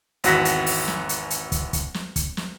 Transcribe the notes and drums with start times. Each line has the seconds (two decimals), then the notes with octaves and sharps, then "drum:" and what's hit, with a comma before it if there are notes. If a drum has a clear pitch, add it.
0.24 G#1 E2 F#4 F#5 A#6 B6, drum: hi-hat
0.45 drum: hi-hat
0.66 drum: open hi-hat
0.88 drum: snare
1.09 drum: hi-hat
1.30 drum: hi-hat
1.52 drum: kick, hi-hat
1.73 drum: kick, hi-hat
1.94 drum: snare
2.16 drum: kick, hi-hat
2.37 drum: snare